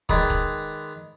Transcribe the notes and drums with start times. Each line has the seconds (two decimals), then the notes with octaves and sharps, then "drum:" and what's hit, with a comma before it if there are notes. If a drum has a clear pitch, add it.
0.09 D#3 G#3 G#4 B4 D5, drum: kick
0.30 drum: kick